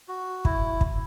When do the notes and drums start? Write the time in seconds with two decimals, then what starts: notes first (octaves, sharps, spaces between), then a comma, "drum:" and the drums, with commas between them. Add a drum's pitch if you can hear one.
0.08 F#4
0.45 E4, drum: kick
0.81 drum: kick